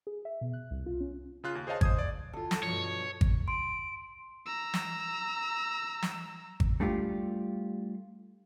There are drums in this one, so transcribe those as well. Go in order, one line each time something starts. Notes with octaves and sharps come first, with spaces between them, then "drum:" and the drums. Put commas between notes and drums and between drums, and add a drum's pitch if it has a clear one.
G#4
E5
B2
F#6
C2
F4
C#4
C#3 F4 F#6
D#2
G#4 C5 C#5 D#5 F5 A5
C5 D#6 G#6, drum: kick G#1
D5
D2 F4 A4
drum: snare
G2 B2 F3 C#5
drum: kick G#1
C6 D7
A#5 E6
drum: snare
drum: snare
drum: kick G#1
G3 A3 D4 F4 G4